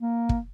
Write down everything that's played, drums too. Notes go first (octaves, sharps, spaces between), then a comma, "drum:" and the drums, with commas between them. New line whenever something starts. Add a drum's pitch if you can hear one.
A#3
drum: kick